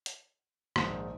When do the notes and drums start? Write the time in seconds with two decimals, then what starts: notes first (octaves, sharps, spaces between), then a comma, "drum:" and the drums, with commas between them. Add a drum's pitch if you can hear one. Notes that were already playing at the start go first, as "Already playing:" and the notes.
0.06 drum: hi-hat
0.76 A#1 G#2 D#3 G#3, drum: rim click